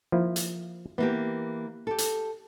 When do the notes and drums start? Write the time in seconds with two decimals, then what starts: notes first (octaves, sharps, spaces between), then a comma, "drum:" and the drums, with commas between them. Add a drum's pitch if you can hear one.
0.12 F3 A#3 E4
0.36 drum: hi-hat
0.98 E3 A#3 B3 G4
1.87 G4 A4
1.98 drum: hi-hat